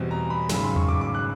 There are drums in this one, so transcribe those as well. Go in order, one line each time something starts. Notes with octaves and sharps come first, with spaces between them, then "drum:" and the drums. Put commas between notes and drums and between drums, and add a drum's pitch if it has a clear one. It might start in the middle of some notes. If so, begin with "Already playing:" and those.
Already playing: E2 B2 G3 C4
A#5
B5
G#1 F#2 C#3 B5, drum: snare
C6
C#6, drum: tom E2
D6
D6
F#6